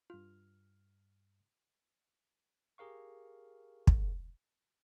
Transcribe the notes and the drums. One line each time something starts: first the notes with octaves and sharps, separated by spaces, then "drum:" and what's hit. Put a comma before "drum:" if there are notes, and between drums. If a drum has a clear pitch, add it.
G2 F4 F6
G4 G#4 A#4 F5 C#6
drum: kick